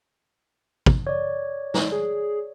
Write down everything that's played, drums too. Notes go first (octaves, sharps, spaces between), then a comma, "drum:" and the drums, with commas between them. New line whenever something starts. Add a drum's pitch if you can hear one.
drum: kick
C#5 D5
drum: snare
G#4